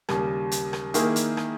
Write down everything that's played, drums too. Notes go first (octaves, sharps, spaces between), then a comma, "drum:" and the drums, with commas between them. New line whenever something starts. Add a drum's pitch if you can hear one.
D#2 C#3 G3, drum: rim click
drum: hi-hat
drum: rim click
D#3 A#3 E4 G#4, drum: hi-hat
drum: hi-hat
drum: rim click